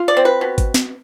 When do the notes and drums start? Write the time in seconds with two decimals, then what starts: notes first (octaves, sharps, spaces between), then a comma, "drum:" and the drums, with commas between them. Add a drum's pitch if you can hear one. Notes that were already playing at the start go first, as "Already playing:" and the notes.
Already playing: F4
0.08 D5
0.17 C4
0.25 B4
0.41 B2
0.58 drum: kick G#1, hi-hat
0.74 drum: snare